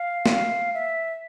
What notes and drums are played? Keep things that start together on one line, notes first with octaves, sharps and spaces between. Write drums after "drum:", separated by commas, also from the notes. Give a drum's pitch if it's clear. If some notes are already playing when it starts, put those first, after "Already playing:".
Already playing: F5
E5, drum: snare
F5
E5